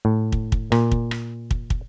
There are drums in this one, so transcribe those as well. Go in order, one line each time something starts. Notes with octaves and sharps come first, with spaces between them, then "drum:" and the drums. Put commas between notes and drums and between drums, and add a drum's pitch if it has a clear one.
A2
drum: kick
drum: kick
A#2, drum: rim click
drum: kick
drum: rim click
drum: kick
drum: kick